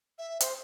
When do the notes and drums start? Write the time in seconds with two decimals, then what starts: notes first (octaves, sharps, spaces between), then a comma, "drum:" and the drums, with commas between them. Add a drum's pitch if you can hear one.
0.18 E5
0.40 C5, drum: hi-hat